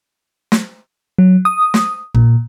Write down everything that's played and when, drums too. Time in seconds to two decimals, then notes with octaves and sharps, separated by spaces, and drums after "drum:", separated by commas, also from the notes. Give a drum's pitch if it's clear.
0.52 drum: snare
1.19 F#3
1.45 D#6
1.74 drum: snare
2.15 A#2, drum: kick